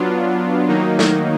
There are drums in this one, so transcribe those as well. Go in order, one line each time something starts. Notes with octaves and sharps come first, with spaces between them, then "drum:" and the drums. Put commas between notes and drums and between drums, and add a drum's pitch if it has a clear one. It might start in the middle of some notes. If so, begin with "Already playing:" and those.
Already playing: F#3 B3 D4 F4
D#3 F#3 A#3 D#4
drum: snare